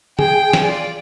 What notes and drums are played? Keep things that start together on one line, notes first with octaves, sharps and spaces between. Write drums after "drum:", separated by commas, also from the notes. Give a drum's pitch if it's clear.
G#4 G5, drum: tom C#3
drum: snare
F4 D5